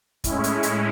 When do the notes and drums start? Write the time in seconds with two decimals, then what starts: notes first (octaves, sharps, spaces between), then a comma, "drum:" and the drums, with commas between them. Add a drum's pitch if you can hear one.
0.24 A2 G#3 C#4 E4, drum: kick, hi-hat
0.44 drum: hi-hat
0.63 drum: hi-hat